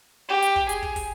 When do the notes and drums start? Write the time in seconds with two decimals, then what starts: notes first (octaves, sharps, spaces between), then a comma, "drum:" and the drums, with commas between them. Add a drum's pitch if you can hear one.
0.29 G4
0.42 drum: hi-hat
0.56 drum: kick
0.69 G#4, drum: hi-hat
0.83 drum: kick
0.96 drum: kick, open hi-hat